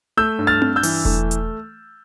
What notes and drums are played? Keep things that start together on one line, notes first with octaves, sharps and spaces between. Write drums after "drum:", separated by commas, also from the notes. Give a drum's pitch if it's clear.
A3 E6 G6
G2
F6 A6
G2, drum: tom C4
E6 G6
E3, drum: open hi-hat
A3, drum: kick E1
drum: hi-hat